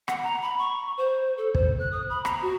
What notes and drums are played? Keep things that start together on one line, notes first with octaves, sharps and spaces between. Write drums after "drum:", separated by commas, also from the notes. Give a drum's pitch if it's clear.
F#5, drum: rim click
A#5
B5
C#6
C5
A4
C5, drum: kick
F#6
D#6
B5
A#5, drum: rim click
F#4